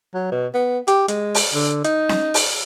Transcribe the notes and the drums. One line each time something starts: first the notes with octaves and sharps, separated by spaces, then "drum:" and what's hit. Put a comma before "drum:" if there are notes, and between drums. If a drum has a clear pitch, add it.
F#3
B2
B3
G4, drum: hi-hat
G#3, drum: hi-hat
drum: open hi-hat
D3
D#4, drum: hi-hat
drum: snare C#4
drum: open hi-hat